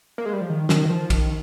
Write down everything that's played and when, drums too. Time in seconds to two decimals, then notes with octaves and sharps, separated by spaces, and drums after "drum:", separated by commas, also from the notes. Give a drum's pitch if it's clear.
0.18 A#3
0.26 G#3
0.33 G3
0.41 F3
0.49 D#3
0.69 D#3, drum: snare
0.85 D#3
0.90 F3
1.10 D#3, drum: kick, cymbal